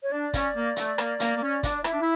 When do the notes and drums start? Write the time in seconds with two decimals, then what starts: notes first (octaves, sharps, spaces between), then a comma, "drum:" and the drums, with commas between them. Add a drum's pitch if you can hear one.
0.03 C#5
0.12 D4 D5
0.33 C#4, drum: kick, hi-hat
0.55 A#3
0.76 A3, drum: hi-hat
0.98 A#3, drum: rim click
1.20 A#3, drum: hi-hat
1.36 A#3
1.42 C#4
1.63 D4, drum: kick, hi-hat
1.78 D5
1.84 E4 E5, drum: rim click
1.93 D4
2.01 E4